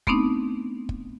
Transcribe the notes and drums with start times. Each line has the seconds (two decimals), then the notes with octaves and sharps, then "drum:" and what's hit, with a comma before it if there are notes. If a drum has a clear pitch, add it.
0.07 A3 B3 C4 D4 D#4, drum: kick
0.89 drum: kick